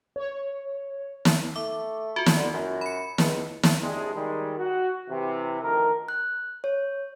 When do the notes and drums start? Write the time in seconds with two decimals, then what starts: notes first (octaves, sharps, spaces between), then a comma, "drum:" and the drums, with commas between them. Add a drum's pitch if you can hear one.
0.16 C#5
1.25 drum: snare
1.56 A3 D6
2.16 F4 F#4
2.26 drum: snare
2.36 D3
2.54 F#2
2.81 B5 C#7
3.18 C#2, drum: snare
3.63 drum: snare
3.82 G#1 C3 G3 G#3 D4 G#4
4.15 D#3 G3 G#3
4.59 F#4
5.09 C3 E3
5.62 D2 D#3 F3 A#4
6.08 F#6
6.64 C#5